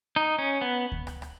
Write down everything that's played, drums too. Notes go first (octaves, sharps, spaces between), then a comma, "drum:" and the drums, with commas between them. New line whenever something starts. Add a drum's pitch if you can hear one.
D#4
C#4
B3
drum: kick D2
drum: rim click
drum: rim click